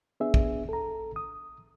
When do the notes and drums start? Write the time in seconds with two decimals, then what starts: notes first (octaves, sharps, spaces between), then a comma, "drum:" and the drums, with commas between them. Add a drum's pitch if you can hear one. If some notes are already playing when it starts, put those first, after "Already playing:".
0.20 B3 D4 G#4 E5
0.34 drum: kick
0.69 A4 A#5
1.16 D#6